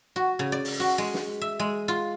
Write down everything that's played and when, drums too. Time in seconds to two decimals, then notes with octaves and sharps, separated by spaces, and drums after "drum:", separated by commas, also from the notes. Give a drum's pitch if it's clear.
0.16 F#4
0.39 C#3
0.52 D5
0.65 drum: open hi-hat
0.80 F#4
0.98 G#3
1.14 drum: snare
1.41 E5
1.59 G#3
1.88 F4